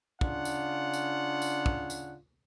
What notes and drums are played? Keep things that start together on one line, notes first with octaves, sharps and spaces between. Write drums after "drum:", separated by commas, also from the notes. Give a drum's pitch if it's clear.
C#3 D4 F4 F#5, drum: kick
drum: tambourine
drum: tambourine
drum: tambourine
drum: kick
drum: tambourine